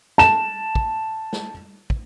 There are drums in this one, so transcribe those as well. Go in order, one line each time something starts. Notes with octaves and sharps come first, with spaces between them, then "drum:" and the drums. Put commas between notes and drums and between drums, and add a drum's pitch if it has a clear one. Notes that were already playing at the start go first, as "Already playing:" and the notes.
A5 E7, drum: snare
drum: kick
drum: snare
drum: kick